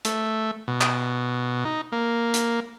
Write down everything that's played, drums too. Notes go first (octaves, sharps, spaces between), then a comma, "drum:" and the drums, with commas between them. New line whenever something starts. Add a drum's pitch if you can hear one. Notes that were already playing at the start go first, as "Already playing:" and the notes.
A3, drum: hi-hat
B2
drum: clap
D#4
A#3
drum: hi-hat